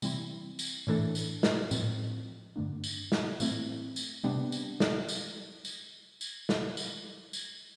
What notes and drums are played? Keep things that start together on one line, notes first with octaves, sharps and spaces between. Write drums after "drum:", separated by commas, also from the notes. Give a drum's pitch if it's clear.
C3 E3 G3 C4 E4, drum: tambourine
drum: tambourine
A2 E3 A3 D4 A4
drum: tambourine
drum: snare
A2 F3 C4, drum: tambourine
G2 D3 A3 D4
drum: tambourine
drum: snare
A2 E3 A3 C4 E4, drum: tambourine
drum: tambourine
C3 G3 B3 D4 G4
drum: tambourine
drum: snare
drum: tambourine
drum: tambourine
drum: tambourine
drum: snare
drum: tambourine
drum: tambourine